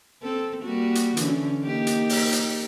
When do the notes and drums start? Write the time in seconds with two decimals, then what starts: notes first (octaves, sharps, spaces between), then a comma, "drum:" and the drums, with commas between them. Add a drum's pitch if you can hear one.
0.23 C4 A4
0.63 G3 A#3 F#4
0.95 drum: hi-hat
1.17 D3 E3 C#4, drum: hi-hat
1.64 A#3 D#4 G4
1.87 drum: hi-hat
2.09 drum: open hi-hat
2.32 drum: hi-hat